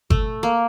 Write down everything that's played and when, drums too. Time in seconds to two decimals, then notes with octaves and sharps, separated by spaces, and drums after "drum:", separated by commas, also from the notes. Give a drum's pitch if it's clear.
0.10 A3, drum: kick G1
0.43 A#3